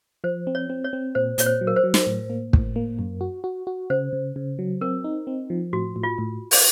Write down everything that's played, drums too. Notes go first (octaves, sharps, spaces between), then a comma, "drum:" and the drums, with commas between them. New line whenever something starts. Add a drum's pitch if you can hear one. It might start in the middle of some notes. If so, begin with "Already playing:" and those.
F3 C5
C4
C#5
C4
C#5
C4
A#2 C5
A#2 C#5, drum: hi-hat
C5
F#3
A#4
C5
F#3
drum: snare
A2
A#3
A2, drum: kick
A#3
F#2
F#4
F#4
F#4
C#3 C5
C#3
C#3
F#3
C4 A#4
D#4
C4
F3
A2 F#4
A2
F4
A2
drum: open hi-hat